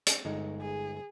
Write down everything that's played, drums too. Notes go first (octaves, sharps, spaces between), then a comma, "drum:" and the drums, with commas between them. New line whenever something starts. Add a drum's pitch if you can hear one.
drum: hi-hat
G1 G#3 D#4
G#4